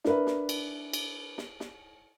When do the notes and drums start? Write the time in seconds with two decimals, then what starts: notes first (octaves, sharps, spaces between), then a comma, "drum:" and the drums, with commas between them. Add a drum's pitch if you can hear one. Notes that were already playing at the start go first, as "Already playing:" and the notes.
0.04 D4 A#4 B4 E5, drum: snare
0.27 drum: snare
0.49 drum: cymbal
0.93 drum: cymbal
1.38 drum: snare
1.60 drum: snare